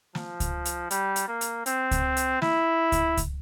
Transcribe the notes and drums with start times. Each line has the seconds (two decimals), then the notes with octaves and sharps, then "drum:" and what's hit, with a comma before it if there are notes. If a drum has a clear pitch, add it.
0.15 F3, drum: snare
0.40 drum: kick C#2, hi-hat
0.65 drum: hi-hat
0.91 G3, drum: hi-hat
1.16 drum: hi-hat
1.28 A#3
1.41 drum: hi-hat
1.66 C4, drum: hi-hat
1.91 drum: kick C#2, hi-hat
2.17 drum: hi-hat
2.42 E4, drum: snare
2.92 drum: kick C#2, hi-hat
3.17 drum: kick C#2, hi-hat